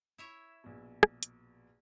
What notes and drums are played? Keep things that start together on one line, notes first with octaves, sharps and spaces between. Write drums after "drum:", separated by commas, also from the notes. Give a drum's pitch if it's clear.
E4 C#5 E5
A#1 B2
drum: rim click
drum: hi-hat